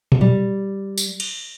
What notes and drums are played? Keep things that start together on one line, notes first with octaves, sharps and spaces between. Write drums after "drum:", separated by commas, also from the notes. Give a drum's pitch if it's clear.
drum: tom A#2
G3
drum: tambourine
drum: cymbal